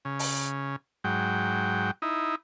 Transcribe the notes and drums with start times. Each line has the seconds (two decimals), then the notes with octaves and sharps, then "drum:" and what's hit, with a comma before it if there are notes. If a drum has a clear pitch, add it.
0.05 C#3
0.19 drum: open hi-hat
1.04 G#2 F#3 G5
2.02 D#4 E4